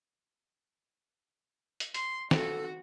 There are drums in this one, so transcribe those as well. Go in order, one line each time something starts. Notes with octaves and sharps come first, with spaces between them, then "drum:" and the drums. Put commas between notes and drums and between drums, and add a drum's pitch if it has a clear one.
drum: hi-hat
C6, drum: hi-hat
F#4 A4, drum: snare